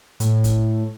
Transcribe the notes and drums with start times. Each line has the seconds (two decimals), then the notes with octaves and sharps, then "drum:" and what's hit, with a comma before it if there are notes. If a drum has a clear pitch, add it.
0.20 A2, drum: hi-hat
0.44 drum: kick, hi-hat